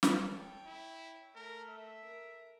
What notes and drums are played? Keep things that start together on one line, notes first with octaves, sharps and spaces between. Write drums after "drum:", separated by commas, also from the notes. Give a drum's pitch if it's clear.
drum: snare
A4 C#5 G5
E4
A3 A#4
E5
A#4